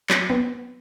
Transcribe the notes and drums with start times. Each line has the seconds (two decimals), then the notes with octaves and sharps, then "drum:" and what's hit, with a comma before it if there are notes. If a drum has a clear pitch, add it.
0.10 F#3, drum: clap
0.30 B3